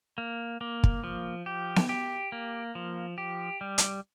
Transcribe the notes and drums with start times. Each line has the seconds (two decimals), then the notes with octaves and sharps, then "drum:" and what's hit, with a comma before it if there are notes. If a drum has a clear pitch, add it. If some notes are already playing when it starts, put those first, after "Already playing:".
0.18 A#3
0.61 A#3
0.84 drum: kick
1.04 F3
1.46 G4
1.76 drum: snare B3
1.89 G4
2.32 A#3
2.75 F3
3.18 G4
3.61 G3
3.78 drum: hi-hat